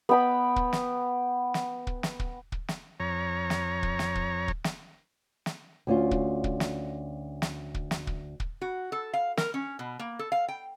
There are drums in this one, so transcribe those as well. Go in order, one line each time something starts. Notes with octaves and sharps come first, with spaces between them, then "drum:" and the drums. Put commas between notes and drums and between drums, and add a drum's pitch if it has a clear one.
B3 G5 B5
drum: kick
drum: snare
drum: snare
drum: kick
drum: snare
drum: kick
drum: kick
drum: snare
F2 C#5 A#5
drum: snare
drum: kick
drum: snare
drum: kick
drum: kick
drum: snare
drum: snare
D2 C#4 F4
drum: kick
drum: kick
drum: snare
drum: snare
drum: kick
drum: snare
drum: kick
drum: kick
F#4
A4
F5
A#4, drum: snare
C#4
B2
A#3
A4
F5
G5